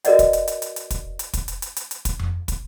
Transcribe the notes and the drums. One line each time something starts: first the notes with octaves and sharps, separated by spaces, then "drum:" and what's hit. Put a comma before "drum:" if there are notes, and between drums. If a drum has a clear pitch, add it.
F#4 A#4 B4 D5 D#5 F#5, drum: hi-hat
drum: kick, hi-hat
drum: hi-hat
drum: hi-hat
drum: hi-hat
drum: hi-hat
drum: kick, hi-hat
drum: hi-hat
drum: kick, hi-hat
drum: hi-hat
drum: hi-hat
drum: hi-hat
drum: hi-hat
drum: kick, hi-hat
drum: tom F2
drum: kick, hi-hat